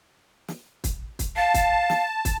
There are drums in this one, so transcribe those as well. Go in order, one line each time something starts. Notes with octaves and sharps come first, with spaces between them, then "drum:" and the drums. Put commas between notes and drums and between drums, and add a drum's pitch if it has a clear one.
drum: snare
drum: kick, hi-hat
drum: kick, hi-hat
F5 A5
drum: kick, hi-hat
drum: snare
drum: kick, hi-hat